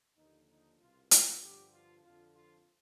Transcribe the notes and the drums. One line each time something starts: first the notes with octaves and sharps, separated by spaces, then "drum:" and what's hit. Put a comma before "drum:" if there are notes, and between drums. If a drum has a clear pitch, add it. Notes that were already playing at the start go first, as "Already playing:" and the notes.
D#2 D3 F3 D#4
D#4
C2 B2 F4
F4, drum: hi-hat
G2 D3 F3 G4
F4
F2 D3 F3 F4
F4